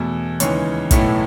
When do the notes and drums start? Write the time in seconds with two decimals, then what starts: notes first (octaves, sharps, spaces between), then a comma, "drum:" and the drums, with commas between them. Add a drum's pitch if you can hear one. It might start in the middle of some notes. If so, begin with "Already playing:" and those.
Already playing: E2 B2 A3
0.40 D#2 C#3 E3 G#3 C#5, drum: hi-hat
0.91 B1 A2 E3 A3 C#5, drum: kick, hi-hat